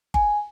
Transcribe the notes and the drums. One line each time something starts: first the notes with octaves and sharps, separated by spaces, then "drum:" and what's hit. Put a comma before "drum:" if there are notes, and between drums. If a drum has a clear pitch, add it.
G#5, drum: kick G1